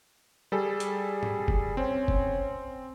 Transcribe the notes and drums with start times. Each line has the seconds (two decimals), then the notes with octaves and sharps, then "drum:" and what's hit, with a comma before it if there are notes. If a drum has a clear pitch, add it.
0.52 G3 G#4 A4
0.80 drum: hi-hat
1.23 drum: tom G#2
1.48 drum: kick F#1
1.77 C4 C#4
2.08 drum: kick F#1